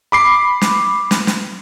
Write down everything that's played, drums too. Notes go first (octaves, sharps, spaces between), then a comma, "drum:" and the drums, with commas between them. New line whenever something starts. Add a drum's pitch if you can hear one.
B5 D6 C7
drum: snare
drum: snare
drum: snare